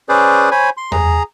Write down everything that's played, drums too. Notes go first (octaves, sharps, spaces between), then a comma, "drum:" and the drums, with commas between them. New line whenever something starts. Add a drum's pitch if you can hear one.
C#4 G#4 B4 C5 D5
C5 C#5 G#5 B5
C6
G#4 A#5, drum: tom E2